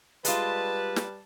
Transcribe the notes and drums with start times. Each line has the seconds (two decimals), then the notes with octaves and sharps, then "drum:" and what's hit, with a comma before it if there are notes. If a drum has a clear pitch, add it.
0.25 G3 G#3 F4 B4 A5, drum: hi-hat
0.96 drum: snare